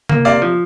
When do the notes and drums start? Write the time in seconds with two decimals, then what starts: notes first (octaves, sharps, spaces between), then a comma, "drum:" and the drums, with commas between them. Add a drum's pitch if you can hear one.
0.09 A#3, drum: tom C3
0.25 C3 D5 F5
0.42 F3